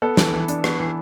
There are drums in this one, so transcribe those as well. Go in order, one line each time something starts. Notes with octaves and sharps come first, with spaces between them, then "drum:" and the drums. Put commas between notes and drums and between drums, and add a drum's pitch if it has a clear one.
B3 A4
E3, drum: snare
E3
D4, drum: hi-hat
B3, drum: rim click
E3